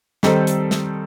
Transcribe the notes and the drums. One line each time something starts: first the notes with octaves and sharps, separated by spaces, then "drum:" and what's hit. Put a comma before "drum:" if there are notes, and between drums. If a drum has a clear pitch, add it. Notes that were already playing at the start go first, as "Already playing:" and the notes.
D#3 G3 C4 D#4 A4, drum: snare
drum: hi-hat
drum: snare